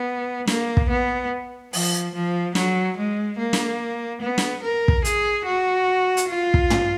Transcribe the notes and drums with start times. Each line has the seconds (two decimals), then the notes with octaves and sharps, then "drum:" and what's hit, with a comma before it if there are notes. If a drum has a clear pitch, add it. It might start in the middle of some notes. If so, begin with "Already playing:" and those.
Already playing: B3
0.47 A#3, drum: snare
0.77 drum: kick
0.90 B3
1.73 F3, drum: open hi-hat
2.14 F3
2.55 F#3, drum: snare
2.97 G#3
3.38 A#3
3.53 drum: snare
4.21 B3
4.38 drum: snare
4.63 A#4
4.88 drum: kick
5.05 G#4, drum: hi-hat
5.45 F#4
6.17 drum: hi-hat
6.29 F4
6.54 drum: kick
6.70 drum: tom